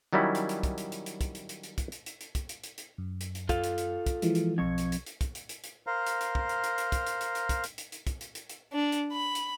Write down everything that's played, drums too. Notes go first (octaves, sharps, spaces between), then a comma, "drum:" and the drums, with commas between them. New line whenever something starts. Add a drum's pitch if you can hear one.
D#3 F#3 G3 C#4 E4
drum: hi-hat
drum: hi-hat
drum: kick, hi-hat
drum: hi-hat
drum: hi-hat
drum: hi-hat
drum: kick, hi-hat
drum: hi-hat
drum: hi-hat
drum: hi-hat
drum: kick, hi-hat
drum: hi-hat
drum: hi-hat
drum: hi-hat
drum: kick, hi-hat
drum: hi-hat
drum: hi-hat
drum: hi-hat
F#2
drum: hi-hat
drum: hi-hat
F4 A4 F5, drum: kick, hi-hat
drum: hi-hat
drum: hi-hat
drum: kick, hi-hat
E3 F3 G#3, drum: hi-hat
drum: hi-hat
B1 F2 C#6 G#6
drum: hi-hat
drum: hi-hat
drum: hi-hat
drum: kick, hi-hat
drum: hi-hat
drum: hi-hat
drum: hi-hat
A#4 C5 F5 A#5
drum: hi-hat
drum: hi-hat
drum: kick
drum: hi-hat
drum: hi-hat
drum: hi-hat
drum: kick, hi-hat
drum: hi-hat
drum: hi-hat
drum: hi-hat
drum: kick, hi-hat
drum: hi-hat
drum: hi-hat
drum: hi-hat
drum: kick, hi-hat
drum: hi-hat
drum: hi-hat
drum: hi-hat
D4
drum: hi-hat
B5
drum: hi-hat